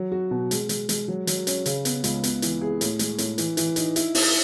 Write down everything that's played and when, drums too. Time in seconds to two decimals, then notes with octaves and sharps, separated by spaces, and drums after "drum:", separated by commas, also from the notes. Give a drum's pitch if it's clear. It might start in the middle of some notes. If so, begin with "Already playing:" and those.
Already playing: F#3
0.12 F#4
0.31 B2
0.51 G#3, drum: hi-hat
0.69 G#3, drum: hi-hat
0.89 G#3, drum: hi-hat
1.08 F#3
1.27 F#3, drum: hi-hat
1.47 C#4, drum: hi-hat
1.66 C#3, drum: hi-hat
1.85 B3, drum: hi-hat
2.04 C#2, drum: hi-hat
2.24 B3, drum: hi-hat
2.42 E3, drum: hi-hat
2.61 G#4
2.81 A2, drum: hi-hat
2.99 G#3, drum: hi-hat
3.18 A2, drum: hi-hat
3.38 E3, drum: hi-hat
3.57 E3, drum: hi-hat
3.76 D#4, drum: hi-hat
3.96 E4, drum: hi-hat
4.15 E4, drum: open hi-hat